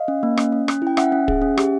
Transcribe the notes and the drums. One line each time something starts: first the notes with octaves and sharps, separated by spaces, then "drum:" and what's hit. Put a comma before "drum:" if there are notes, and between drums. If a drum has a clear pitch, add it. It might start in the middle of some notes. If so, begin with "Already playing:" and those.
Already playing: D#5 F5
C#4
A#3
C#4, drum: rim click
C#4
C#4, drum: rim click
E4 G5
C#4 E5 F#5, drum: rim click
C#4
G#4, drum: kick
C#4
G4, drum: rim click